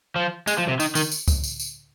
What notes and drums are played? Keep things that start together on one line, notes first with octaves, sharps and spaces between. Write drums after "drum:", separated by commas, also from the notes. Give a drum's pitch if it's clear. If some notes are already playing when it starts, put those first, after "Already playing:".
F3
G#3, drum: tambourine
F3
C3
D#3, drum: tambourine
D#3, drum: tambourine
drum: tambourine
drum: kick C#2, tambourine
drum: tambourine
drum: tambourine